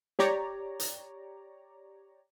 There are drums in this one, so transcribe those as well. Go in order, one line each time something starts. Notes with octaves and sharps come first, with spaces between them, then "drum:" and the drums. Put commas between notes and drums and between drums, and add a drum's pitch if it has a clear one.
G4 C#5 D5 A#5, drum: snare
drum: hi-hat